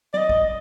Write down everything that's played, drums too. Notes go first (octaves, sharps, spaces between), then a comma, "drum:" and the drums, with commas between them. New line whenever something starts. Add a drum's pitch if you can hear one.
D5, drum: tom F#3
D#5
drum: kick